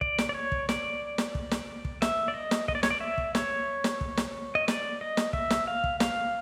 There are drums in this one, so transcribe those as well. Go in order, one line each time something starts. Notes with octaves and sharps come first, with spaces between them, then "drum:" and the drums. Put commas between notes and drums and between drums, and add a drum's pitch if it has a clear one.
D5, drum: kick
drum: snare
D5
C#5
drum: kick
D5, drum: snare
drum: snare
drum: kick
drum: snare
drum: kick
E5, drum: snare
D5
D#5
drum: snare
D#5, drum: kick
D5
C#5, drum: snare
D5
E5
drum: kick
C#5, drum: snare
drum: snare
drum: kick
drum: snare
D#5
D5, drum: snare
D#5
drum: snare
E5, drum: kick
drum: snare
F5
drum: kick
F5, drum: snare